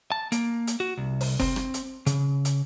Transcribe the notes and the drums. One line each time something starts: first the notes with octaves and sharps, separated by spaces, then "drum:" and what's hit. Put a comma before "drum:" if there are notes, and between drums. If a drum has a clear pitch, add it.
A5
A#3, drum: hi-hat
drum: hi-hat
F#4
C2
drum: open hi-hat
C4, drum: kick F#1, open hi-hat
drum: rim click
drum: hi-hat
C#3, drum: hi-hat
drum: hi-hat